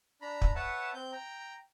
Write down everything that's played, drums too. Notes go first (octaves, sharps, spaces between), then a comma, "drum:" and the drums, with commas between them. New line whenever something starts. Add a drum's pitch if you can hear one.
D4 A#5 B5
drum: kick
B4 C#5 E5 F#5 A5
C4 G6
G5 A#5